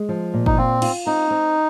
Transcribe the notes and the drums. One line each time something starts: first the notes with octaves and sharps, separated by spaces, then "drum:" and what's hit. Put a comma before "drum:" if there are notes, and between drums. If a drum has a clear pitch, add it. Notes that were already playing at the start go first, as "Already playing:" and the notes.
Already playing: G#3
F3
A#2
D#4, drum: kick G1
C4 F4
F4, drum: cymbal
C4 D#4
C4